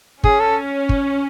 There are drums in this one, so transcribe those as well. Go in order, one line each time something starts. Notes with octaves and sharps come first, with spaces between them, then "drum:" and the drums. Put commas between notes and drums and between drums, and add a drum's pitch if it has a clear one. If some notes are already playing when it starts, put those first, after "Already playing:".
C#4 G#4, drum: kick
A4
drum: kick